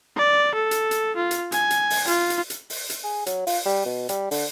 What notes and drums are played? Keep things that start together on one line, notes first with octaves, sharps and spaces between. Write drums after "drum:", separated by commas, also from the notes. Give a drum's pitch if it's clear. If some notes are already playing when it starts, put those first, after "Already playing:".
D5
A4
drum: hi-hat
drum: hi-hat
F4
drum: hi-hat
G#5, drum: hi-hat
drum: hi-hat
drum: open hi-hat
F4, drum: hi-hat
drum: hi-hat
drum: hi-hat
drum: open hi-hat
drum: hi-hat
G#4
F#3, drum: hi-hat
F4, drum: open hi-hat
G3
B2
G3, drum: hi-hat
D3, drum: open hi-hat